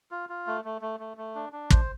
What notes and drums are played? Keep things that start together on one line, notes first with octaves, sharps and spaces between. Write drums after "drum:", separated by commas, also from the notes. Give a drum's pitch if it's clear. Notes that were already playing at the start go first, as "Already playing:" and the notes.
F4
F4
A3
A3
A3
A3
A3
D4
D4
C5, drum: kick